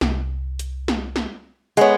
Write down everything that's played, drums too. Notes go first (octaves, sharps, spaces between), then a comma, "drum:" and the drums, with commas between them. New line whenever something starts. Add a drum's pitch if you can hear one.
C2, drum: snare
drum: hi-hat
drum: snare
drum: snare
G#3 B3 C#5 D#5 F#5, drum: hi-hat